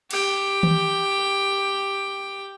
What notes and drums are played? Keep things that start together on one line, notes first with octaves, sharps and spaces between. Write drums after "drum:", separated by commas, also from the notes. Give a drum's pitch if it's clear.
G4 G5, drum: cymbal
drum: tom D#3